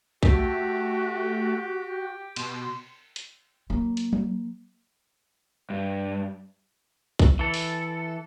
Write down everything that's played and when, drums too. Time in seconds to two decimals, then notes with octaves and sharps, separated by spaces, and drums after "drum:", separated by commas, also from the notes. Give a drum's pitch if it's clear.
0.23 A3 F#4 G4, drum: kick A#1
2.36 B2 C6, drum: cymbal
3.16 drum: hi-hat
3.70 F#3 A#3
3.97 drum: hi-hat
4.13 drum: tom
5.70 G2
7.19 drum: kick A#1
7.39 E3 A4
7.54 drum: open hi-hat